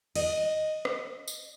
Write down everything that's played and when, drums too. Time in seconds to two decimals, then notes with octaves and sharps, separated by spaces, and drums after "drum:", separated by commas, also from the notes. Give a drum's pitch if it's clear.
0.15 D#5, drum: cymbal
0.85 drum: rim click
1.28 drum: tambourine